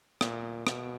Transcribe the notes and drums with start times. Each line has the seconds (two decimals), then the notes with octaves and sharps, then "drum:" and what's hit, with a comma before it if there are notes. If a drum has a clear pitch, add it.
0.21 A#2, drum: rim click
0.67 B2, drum: rim click